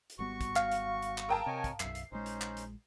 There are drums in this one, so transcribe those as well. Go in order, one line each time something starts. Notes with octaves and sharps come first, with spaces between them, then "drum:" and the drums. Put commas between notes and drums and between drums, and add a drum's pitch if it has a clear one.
drum: hi-hat
G#1 G3 B3 F#4 C#6
drum: kick, hi-hat
F5, drum: clap
drum: hi-hat
drum: hi-hat
drum: clap
G#4 A#4 G5 A5 D#6 E6
C3 C#5 D#5 G#5
drum: kick, hi-hat
B1 F#2 E5 C7, drum: clap
drum: hi-hat
A#1 G#3 C#4 D#4 C5
drum: hi-hat
drum: clap
drum: hi-hat